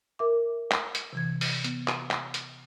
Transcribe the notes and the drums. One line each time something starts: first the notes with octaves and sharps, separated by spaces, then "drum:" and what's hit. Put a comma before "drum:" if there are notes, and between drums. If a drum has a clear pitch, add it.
A#4 E5 D6
drum: clap
drum: hi-hat
C3 E3 G#6
drum: open hi-hat
B3, drum: hi-hat
drum: clap
drum: clap
drum: hi-hat